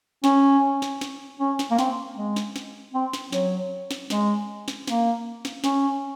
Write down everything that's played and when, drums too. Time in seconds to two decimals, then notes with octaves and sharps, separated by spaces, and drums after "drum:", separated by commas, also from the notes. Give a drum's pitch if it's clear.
0.24 C#4, drum: snare
0.82 drum: snare
1.01 drum: snare
1.40 C#4
1.59 drum: snare
1.71 A#3
1.79 C4, drum: snare
2.17 G#3
2.36 drum: snare
2.56 drum: snare
2.94 C4
3.13 drum: snare
3.32 F#3, drum: snare
3.91 drum: snare
4.10 G#3, drum: snare
4.68 drum: snare
4.88 A#3, drum: snare
5.45 drum: snare
5.64 C#4, drum: snare